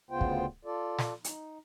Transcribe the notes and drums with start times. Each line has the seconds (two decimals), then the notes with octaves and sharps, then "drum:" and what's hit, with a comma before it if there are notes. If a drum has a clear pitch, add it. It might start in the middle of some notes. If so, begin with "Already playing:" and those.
0.11 D2 C#3 B3 F4 C5 G5
0.21 drum: kick
0.65 F4 A4 D5
0.99 drum: snare
1.24 D#4, drum: hi-hat